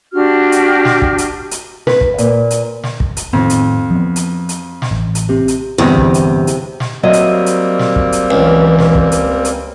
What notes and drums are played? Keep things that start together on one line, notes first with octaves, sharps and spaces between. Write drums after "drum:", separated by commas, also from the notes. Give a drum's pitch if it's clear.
D4 F#4 G4 F6
drum: hi-hat
drum: snare
drum: kick
drum: hi-hat
drum: hi-hat
B4, drum: snare
drum: kick
A#2, drum: hi-hat
drum: hi-hat
drum: snare
drum: kick
drum: hi-hat
F2 A2 D#3 B3
drum: hi-hat
F3 B3
drum: hi-hat
drum: hi-hat
drum: snare
A1
drum: hi-hat
C3
drum: hi-hat
G1 E2 C3, drum: snare
drum: kick
drum: hi-hat
drum: hi-hat
drum: snare
F#3 G3 A#3 C4 D#5 E5
drum: hi-hat
drum: hi-hat
drum: snare
drum: kick
drum: hi-hat
C#2 E3
drum: snare
drum: kick
drum: hi-hat
drum: hi-hat